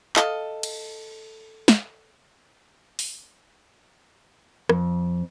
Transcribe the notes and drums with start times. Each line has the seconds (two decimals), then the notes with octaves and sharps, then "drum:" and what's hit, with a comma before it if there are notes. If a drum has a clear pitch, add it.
0.16 A4 D#5 F5, drum: clap
0.63 drum: cymbal
1.68 drum: snare
2.99 drum: open hi-hat
4.69 F2, drum: rim click